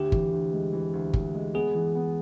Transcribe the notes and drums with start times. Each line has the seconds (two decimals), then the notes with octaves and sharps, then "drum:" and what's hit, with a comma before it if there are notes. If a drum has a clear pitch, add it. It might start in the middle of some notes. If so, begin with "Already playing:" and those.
Already playing: D2 G4
0.12 E3, drum: kick G1
0.32 D2
0.53 G#3
0.73 E3
0.94 D2
1.13 D2, drum: kick G1
1.34 G#3
1.54 B3 G#4
1.75 E3
1.95 B3